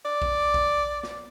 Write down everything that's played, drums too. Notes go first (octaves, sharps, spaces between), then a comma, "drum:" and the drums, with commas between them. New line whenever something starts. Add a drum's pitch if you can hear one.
D5
drum: kick A#1
drum: kick A#1
drum: snare